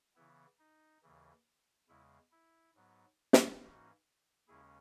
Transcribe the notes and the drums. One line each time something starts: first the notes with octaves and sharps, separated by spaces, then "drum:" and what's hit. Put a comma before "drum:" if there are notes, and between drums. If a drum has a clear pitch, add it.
C#3 E3 B3 E4
D#4
D#2 C#3 E3
E2 C#3 G#3 E4
E4
G#2 F#3 B3
drum: snare
G#2 E3 A#3 C#4 D#4 F#4
D#2 C#3 G#3 C#4 E4 G#4